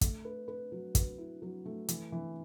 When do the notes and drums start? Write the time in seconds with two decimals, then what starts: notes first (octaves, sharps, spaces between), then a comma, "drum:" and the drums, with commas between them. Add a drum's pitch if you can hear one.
0.01 A3, drum: kick, hi-hat
0.25 B4
0.48 B4
0.72 F#3
0.95 B4, drum: kick, hi-hat
1.18 E4
1.42 F#3
1.66 A3
1.89 E3, drum: hi-hat
2.12 E3